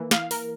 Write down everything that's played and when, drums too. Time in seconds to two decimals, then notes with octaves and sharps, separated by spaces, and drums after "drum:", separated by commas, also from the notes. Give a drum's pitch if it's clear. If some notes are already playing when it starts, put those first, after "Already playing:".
Already playing: E3 A#3
0.11 F5, drum: snare
0.31 A#4, drum: open hi-hat